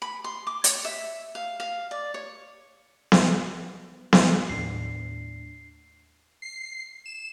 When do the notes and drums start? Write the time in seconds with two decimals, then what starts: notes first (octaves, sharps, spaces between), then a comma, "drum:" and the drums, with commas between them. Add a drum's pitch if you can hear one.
0.02 B5
0.24 C6
0.47 D6
0.64 C#5, drum: hi-hat
0.85 E5
1.35 F5
1.60 F5
1.91 D5
2.14 C#5
3.12 drum: snare B3
4.13 drum: snare B3
4.49 D#2 A2 D4 C7
6.42 C7
7.06 E7